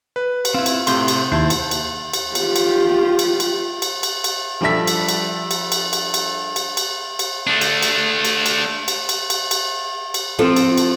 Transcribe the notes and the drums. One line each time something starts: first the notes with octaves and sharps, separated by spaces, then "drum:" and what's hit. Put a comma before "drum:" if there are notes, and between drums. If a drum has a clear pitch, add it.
B4
drum: cymbal
C4 E4 F4
drum: cymbal
A2 C3 C6 G6, drum: cymbal
drum: cymbal
D#2 E4 C5 A5
drum: cymbal
drum: cymbal
drum: cymbal
F4 G4, drum: cymbal
drum: cymbal
drum: cymbal
drum: cymbal
drum: cymbal
drum: cymbal
drum: cymbal
F3 G3 D4 A4 E5 B6
drum: cymbal
drum: cymbal
drum: cymbal
drum: cymbal
drum: cymbal
drum: cymbal
drum: cymbal
drum: cymbal
drum: cymbal
A3 D4
drum: cymbal
drum: cymbal
drum: cymbal
drum: cymbal
drum: cymbal
drum: cymbal
drum: cymbal
drum: cymbal
drum: cymbal
F3 C4 F4 A4
drum: cymbal
drum: cymbal